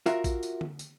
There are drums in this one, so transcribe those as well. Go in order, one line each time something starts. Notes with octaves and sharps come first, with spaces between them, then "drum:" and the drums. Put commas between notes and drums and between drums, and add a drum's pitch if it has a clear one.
F4 F#4 A#4 E5, drum: tambourine
drum: kick, tambourine
drum: tambourine
drum: tom D3
drum: tambourine